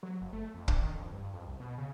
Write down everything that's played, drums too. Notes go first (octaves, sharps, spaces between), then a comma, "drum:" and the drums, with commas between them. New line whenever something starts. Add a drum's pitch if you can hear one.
F#3
F#1
A3
F2
D4, drum: kick
D#3
F2
G2
F2
C2
B2
C#3